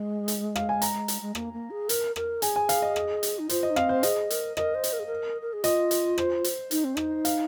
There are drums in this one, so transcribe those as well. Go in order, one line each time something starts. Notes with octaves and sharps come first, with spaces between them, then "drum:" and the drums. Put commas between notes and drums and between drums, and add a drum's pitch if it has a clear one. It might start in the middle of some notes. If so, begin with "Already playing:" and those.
Already playing: G#3
drum: hi-hat
F5, drum: rim click
G#5
A#5, drum: hi-hat
drum: hi-hat
G#3
A#3, drum: rim click
A#3
G#4
A#4, drum: hi-hat
A#4, drum: rim click
G#4 G#5, drum: hi-hat
G#5
F5, drum: hi-hat
D#5
drum: rim click
drum: hi-hat
D#4
F4 C5, drum: hi-hat
D#5
D#4
C4 F5, drum: rim click
C5
G#4 D#5, drum: hi-hat
A#4, drum: hi-hat
A#4 D#5, drum: rim click
C5
drum: hi-hat
A#4
G#4
A#4
A#4
G#4
F4 D#5, drum: hi-hat
drum: hi-hat
C5, drum: rim click
drum: hi-hat
D#4, drum: hi-hat
C4
D#4, drum: rim click
F5, drum: hi-hat